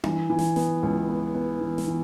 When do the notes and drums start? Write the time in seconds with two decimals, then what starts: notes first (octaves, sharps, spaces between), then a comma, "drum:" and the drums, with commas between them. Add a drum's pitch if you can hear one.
0.04 E3, drum: tom D4
0.30 E3
0.39 drum: snare
0.56 B3, drum: snare
0.83 C#2
1.08 B3
1.35 B3
1.61 E3
1.78 drum: snare
1.87 E3